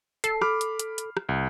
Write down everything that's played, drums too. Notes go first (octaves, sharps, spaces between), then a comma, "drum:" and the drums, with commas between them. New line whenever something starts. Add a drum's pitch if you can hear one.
A4 C7, drum: hi-hat
B5 D6 F6, drum: rim click
drum: hi-hat
drum: hi-hat
drum: hi-hat
drum: rim click
C2